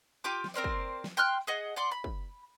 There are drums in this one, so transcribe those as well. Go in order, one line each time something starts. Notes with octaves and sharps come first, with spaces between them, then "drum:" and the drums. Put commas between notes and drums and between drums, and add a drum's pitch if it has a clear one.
F4 G4 D6
drum: snare
C4 A#4 C5 D5
drum: kick
drum: snare
G5 C6 F6 F#6
G#4 D#5 F#5
D5 F#5 C6 D6
B5
drum: kick